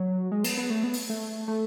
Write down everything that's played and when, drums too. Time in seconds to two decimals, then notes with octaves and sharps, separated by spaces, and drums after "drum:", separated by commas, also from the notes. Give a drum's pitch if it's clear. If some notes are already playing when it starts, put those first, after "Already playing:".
Already playing: F#3
0.31 G#3
0.44 B3, drum: cymbal
0.57 B3
0.70 A3
0.84 B3
0.94 drum: open hi-hat
1.09 A3
1.48 A3